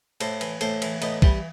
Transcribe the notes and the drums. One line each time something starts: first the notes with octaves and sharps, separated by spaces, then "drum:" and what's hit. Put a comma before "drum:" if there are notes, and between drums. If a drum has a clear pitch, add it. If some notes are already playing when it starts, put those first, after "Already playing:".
A2 A4 C5, drum: cymbal
E3, drum: cymbal
A2 A4 C5, drum: cymbal
E3, drum: cymbal
A2 B3 D#4, drum: cymbal
E3 G3 B3, drum: kick